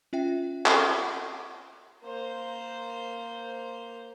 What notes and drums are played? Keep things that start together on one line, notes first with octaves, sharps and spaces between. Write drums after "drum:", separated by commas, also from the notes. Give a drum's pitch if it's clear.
C#4 F4 E5 G5
drum: clap
A#3 C5